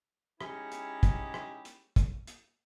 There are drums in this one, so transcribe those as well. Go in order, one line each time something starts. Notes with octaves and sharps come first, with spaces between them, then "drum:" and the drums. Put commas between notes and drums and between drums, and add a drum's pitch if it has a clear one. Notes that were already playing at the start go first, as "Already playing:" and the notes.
G#3 C#4 D#4 E4 G4 G#4, drum: rim click
drum: hi-hat
drum: kick, hi-hat
drum: rim click
drum: hi-hat
drum: kick, hi-hat
drum: hi-hat